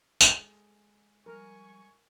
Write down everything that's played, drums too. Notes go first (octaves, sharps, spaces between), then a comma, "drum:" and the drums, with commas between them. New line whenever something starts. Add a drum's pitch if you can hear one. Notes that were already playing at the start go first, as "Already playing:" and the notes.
G#3 G#4 A4, drum: tambourine
F3 G3 A#4 G#5 C#6